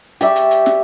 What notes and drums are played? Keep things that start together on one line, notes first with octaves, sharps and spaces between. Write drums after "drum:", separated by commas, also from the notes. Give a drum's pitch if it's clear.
G4 D5 E5 C#6, drum: hi-hat
drum: hi-hat
drum: hi-hat
drum: snare